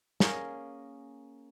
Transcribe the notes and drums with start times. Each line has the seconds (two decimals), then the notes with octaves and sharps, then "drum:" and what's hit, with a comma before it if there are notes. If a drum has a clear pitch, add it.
0.20 A#3 C#4 G#4 A#4, drum: snare